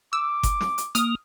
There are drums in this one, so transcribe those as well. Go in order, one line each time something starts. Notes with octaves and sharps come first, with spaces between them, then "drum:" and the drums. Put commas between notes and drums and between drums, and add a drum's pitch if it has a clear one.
D6 E6
drum: kick G1, hi-hat
drum: snare
drum: hi-hat
A#3 D#6 F6, drum: hi-hat